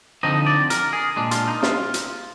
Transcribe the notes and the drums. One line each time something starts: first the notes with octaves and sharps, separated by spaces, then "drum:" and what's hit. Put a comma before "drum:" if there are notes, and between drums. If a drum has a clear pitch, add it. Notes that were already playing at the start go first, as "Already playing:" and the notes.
D3 F3 C4 D#4 D#5
D5
A#4, drum: hi-hat
G#4
A#2 G#3 D4
F4, drum: hi-hat
D#4
F4, drum: snare
drum: hi-hat